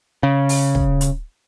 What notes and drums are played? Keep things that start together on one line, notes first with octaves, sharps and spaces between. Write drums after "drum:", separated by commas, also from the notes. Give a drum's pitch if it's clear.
C#3
drum: open hi-hat
drum: kick
drum: hi-hat